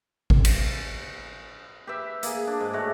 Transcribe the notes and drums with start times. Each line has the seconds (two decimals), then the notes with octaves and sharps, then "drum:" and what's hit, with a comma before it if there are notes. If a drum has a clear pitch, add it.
0.30 drum: kick G#1
0.45 drum: cymbal
1.87 G4 B4 E5
2.23 A#3 G#4, drum: hi-hat
2.47 D4
2.60 G#2
2.73 A2 A3 F#4 D6